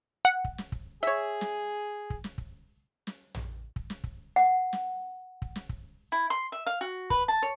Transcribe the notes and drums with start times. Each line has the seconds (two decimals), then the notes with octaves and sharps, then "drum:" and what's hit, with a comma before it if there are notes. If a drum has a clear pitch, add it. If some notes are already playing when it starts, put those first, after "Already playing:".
0.25 F#5
0.44 drum: kick
0.58 drum: snare
0.72 drum: kick
1.03 G#4 C#5 E5
1.41 drum: snare
2.10 drum: kick
2.24 drum: snare
2.38 drum: kick
3.07 drum: snare
3.35 drum: tom
3.76 drum: kick
3.90 drum: snare
4.04 drum: kick
4.36 F#5
4.73 drum: snare
5.42 drum: kick
5.56 drum: snare
5.69 drum: kick
6.12 E4
6.30 C6
6.52 E5
6.66 F5
6.81 F#4
7.10 B4, drum: kick
7.28 A5
7.42 C#5